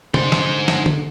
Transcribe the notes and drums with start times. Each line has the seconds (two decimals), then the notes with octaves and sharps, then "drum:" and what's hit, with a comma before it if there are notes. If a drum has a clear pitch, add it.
0.14 D3 D#4 C5, drum: tom
0.32 drum: snare
0.68 drum: snare
0.86 drum: tom